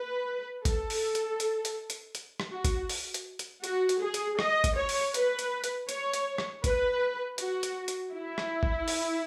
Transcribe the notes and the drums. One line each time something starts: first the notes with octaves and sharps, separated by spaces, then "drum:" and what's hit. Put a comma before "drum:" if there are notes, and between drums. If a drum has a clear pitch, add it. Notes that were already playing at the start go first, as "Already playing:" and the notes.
Already playing: B4
A4, drum: kick G1, hi-hat
drum: open hi-hat
drum: hi-hat
drum: hi-hat
drum: hi-hat
drum: hi-hat
drum: hi-hat
drum: rim click
F#4
drum: kick G1, hi-hat
drum: open hi-hat
drum: hi-hat
drum: hi-hat
F#4, drum: hi-hat
drum: hi-hat
G#4
drum: hi-hat
D#5, drum: rim click
drum: kick G1, hi-hat
C#5
drum: open hi-hat
B4, drum: hi-hat
drum: hi-hat
drum: hi-hat
C#5, drum: hi-hat
drum: hi-hat
drum: rim click
B4, drum: kick G1, hi-hat
F#4, drum: hi-hat
drum: hi-hat
drum: hi-hat
E4
drum: rim click
drum: kick G1
drum: open hi-hat